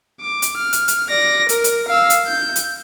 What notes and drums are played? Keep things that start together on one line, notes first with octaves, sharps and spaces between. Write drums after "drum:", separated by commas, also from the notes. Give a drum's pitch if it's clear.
D6
drum: hi-hat
F6
drum: hi-hat
drum: hi-hat
D5 A#6
A#4, drum: hi-hat
drum: hi-hat
F5 E6
drum: hi-hat
G6
drum: hi-hat